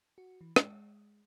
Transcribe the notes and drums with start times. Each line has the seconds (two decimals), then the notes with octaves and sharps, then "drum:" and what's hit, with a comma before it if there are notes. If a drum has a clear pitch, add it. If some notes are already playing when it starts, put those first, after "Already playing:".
0.18 F#4
0.41 E3
0.56 G#3, drum: rim click